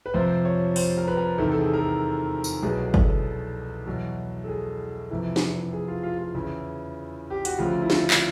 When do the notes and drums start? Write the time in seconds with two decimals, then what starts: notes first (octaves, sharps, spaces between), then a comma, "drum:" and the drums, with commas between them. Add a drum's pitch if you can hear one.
0.06 B4
0.14 F2 C3 F3 C5
0.45 C#5
0.76 C5, drum: open hi-hat
0.97 A#4
1.08 B4
1.17 A#4
1.38 E2 C3 D#3 A4
1.52 A4
1.60 G#4
1.74 A#4
1.80 A4
2.44 drum: tambourine
2.63 C2 B2 F#3 G#4
2.85 G#4
2.94 A4, drum: kick
3.86 E2 B2 F#3
4.44 A4
4.48 G#4
5.10 F2 C3 E3
5.36 drum: snare
5.73 G#4
5.88 F4
6.03 F4
6.18 F4
6.34 E2 C#3 E3 E4
7.30 G4
7.45 F#4, drum: hi-hat
7.58 D2 C#3 F3 F4
7.82 E4
7.90 F4, drum: snare
8.10 drum: clap